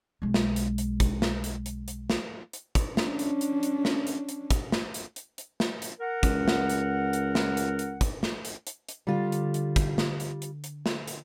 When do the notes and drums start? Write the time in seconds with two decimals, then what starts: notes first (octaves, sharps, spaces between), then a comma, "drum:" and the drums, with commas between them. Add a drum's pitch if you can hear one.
0.22 B1 G#3
0.34 drum: snare
0.56 drum: hi-hat
0.78 drum: hi-hat
1.00 drum: kick, hi-hat
1.22 drum: snare
1.44 drum: hi-hat
1.66 drum: hi-hat
1.88 drum: hi-hat
2.10 drum: snare
2.53 drum: hi-hat
2.75 drum: kick, hi-hat
2.97 C#4 D4, drum: snare
3.19 drum: hi-hat
3.41 drum: hi-hat
3.63 drum: hi-hat
3.85 drum: snare
4.07 drum: hi-hat
4.29 drum: hi-hat
4.50 drum: kick, hi-hat
4.72 drum: snare
4.94 drum: hi-hat
5.16 drum: hi-hat
5.38 drum: hi-hat
5.60 drum: snare
5.82 drum: hi-hat
6.00 A#4 F#5
6.23 C#2, drum: kick, hi-hat
6.48 drum: snare
6.70 drum: hi-hat
7.13 drum: hi-hat
7.35 drum: snare
7.57 drum: hi-hat
7.79 drum: hi-hat
8.01 drum: kick, hi-hat
8.23 drum: snare
8.45 drum: hi-hat
8.67 drum: hi-hat
8.89 drum: hi-hat
9.07 D3 G3 F4
9.32 drum: hi-hat
9.54 drum: hi-hat
9.76 drum: kick, hi-hat
9.98 drum: snare
10.20 drum: hi-hat
10.42 drum: hi-hat
10.64 drum: hi-hat
10.86 drum: snare
11.08 drum: hi-hat